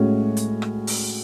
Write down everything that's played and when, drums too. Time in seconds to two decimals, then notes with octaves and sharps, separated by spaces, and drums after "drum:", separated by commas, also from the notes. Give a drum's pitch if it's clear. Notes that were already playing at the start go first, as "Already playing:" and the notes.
Already playing: A2 G#3 C#4 F#4
0.37 drum: hi-hat
0.62 drum: rim click
0.87 drum: open hi-hat